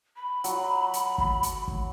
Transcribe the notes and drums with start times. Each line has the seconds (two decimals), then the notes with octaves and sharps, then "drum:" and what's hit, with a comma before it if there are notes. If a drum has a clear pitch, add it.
0.16 B5
0.44 F#3 F#4, drum: hi-hat
0.93 drum: hi-hat
1.18 drum: kick
1.43 drum: hi-hat
1.68 drum: kick